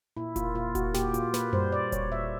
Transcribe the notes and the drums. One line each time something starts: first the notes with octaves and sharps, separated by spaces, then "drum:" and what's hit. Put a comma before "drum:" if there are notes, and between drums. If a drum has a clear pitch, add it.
A#2 E4
A#3 F4, drum: kick E1, hi-hat
A#2 F4
A#3 F#4, drum: kick E1, hi-hat
A#2 G4, drum: snare
A#2 F4, drum: hi-hat
A#3 B4, drum: snare
G3 C5, drum: tom F#2
A#2 D5
G3 C#5, drum: kick E1, hi-hat
A#2 E5